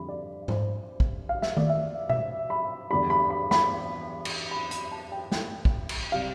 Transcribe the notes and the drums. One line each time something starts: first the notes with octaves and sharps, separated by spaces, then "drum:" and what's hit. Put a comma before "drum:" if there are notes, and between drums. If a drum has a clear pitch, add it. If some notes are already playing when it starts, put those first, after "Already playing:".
Already playing: F2 D3 G3 B5
D5
C5, drum: tom G#2
drum: kick
F5
E5, drum: snare
D5, drum: tom D#3
E5
E5, drum: tom B2
B5
E2 D3 G3 B5
B5
B5
B5, drum: snare
drum: cymbal
B5
B5, drum: hi-hat
A5
G5
G5, drum: snare
drum: kick
drum: cymbal
C3 G3 F5